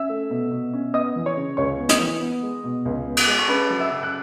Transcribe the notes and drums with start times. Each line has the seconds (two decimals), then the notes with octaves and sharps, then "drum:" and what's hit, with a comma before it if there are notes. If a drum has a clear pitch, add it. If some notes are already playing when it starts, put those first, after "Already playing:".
Already playing: C#4 E5 E6
0.09 A3
0.30 B2
0.51 B2
0.73 C#4
0.94 B3 D#5 D#6
1.16 E3
1.26 C#5 C#6
1.37 C#3
1.57 C#2 C#5 C#6
1.78 B3
1.89 D#5 D#6, drum: hi-hat
1.99 E3
2.21 B3
2.43 G#3
2.64 B2
2.85 C#2
3.06 B3
3.17 drum: cymbal
3.27 G#3
3.39 C#6
3.48 C#4 B4 B5
3.70 F#3
3.80 E5 E6
3.90 C#3
4.03 F#6